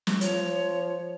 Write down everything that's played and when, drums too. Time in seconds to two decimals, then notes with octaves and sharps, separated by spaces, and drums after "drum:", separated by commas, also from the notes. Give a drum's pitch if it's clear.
0.07 drum: snare
0.21 F3 C#5, drum: hi-hat